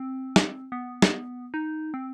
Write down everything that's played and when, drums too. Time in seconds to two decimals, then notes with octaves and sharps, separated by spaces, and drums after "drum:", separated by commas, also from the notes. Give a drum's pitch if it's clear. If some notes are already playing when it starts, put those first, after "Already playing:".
Already playing: C4
0.36 drum: snare
0.72 B3
1.02 drum: snare
1.54 D#4
1.94 C4